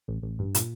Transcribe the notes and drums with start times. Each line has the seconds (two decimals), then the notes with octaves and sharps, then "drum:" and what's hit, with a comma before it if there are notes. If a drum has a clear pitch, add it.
0.08 A1
0.22 A1
0.39 G2
0.55 A#2, drum: hi-hat